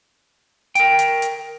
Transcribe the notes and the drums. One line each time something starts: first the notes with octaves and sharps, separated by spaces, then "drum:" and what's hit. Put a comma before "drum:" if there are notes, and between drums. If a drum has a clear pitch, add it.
A#4 G5, drum: hi-hat
drum: hi-hat
drum: hi-hat